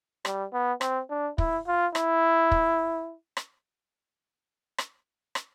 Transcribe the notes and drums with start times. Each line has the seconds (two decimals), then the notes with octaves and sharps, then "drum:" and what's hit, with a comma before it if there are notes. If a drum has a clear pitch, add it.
0.25 G3, drum: rim click
0.53 B3
0.81 C4, drum: rim click
1.10 D4
1.38 E4, drum: kick
1.67 F4
1.95 E4, drum: rim click
2.51 drum: kick
3.37 drum: rim click
4.78 drum: rim click
5.35 drum: rim click